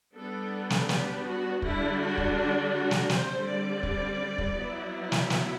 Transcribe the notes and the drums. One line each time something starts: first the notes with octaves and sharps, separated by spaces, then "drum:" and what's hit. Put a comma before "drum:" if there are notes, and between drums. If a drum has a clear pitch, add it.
G3 B3 D4 A4
drum: snare
G4, drum: snare
F#4
D3 G3 D4 E4, drum: kick
F#4
drum: kick
F#4
F#4
drum: snare
D3 G3 C4 C5, drum: snare
D5
drum: kick
drum: kick
F#3 B3 E4
drum: snare
drum: snare